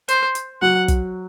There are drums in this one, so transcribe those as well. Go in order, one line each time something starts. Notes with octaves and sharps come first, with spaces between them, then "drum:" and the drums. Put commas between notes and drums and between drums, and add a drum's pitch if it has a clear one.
C5, drum: hi-hat
drum: hi-hat
F#3 F#5
drum: kick, hi-hat